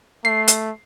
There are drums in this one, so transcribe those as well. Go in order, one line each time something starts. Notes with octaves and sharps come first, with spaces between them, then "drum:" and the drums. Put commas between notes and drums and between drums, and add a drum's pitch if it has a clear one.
A3 C7
drum: hi-hat